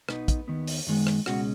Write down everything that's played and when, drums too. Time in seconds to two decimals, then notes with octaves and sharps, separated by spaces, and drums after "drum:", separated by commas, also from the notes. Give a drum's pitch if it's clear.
0.09 B1 B2 B3 D#4 B4, drum: rim click
0.28 drum: kick, hi-hat
0.48 D#2 D#3 B3
0.67 drum: open hi-hat
0.87 F#2 D#3 G#3 B3
1.07 drum: rim click
1.26 C#2 B2 G#3 C#4 F#4, drum: rim click